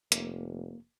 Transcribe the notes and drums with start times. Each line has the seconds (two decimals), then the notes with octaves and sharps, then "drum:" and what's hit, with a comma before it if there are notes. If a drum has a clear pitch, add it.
0.12 F1 A#3, drum: hi-hat